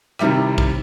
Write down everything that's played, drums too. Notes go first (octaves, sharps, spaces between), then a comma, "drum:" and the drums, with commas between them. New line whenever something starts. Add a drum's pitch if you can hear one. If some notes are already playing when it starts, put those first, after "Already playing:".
C3 D#3 G3 E4 G4, drum: rim click
drum: kick